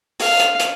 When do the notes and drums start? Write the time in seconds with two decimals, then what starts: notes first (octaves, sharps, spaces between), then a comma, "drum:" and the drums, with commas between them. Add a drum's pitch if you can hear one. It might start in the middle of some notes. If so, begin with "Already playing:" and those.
0.20 F5, drum: open hi-hat
0.40 drum: hi-hat
0.60 drum: hi-hat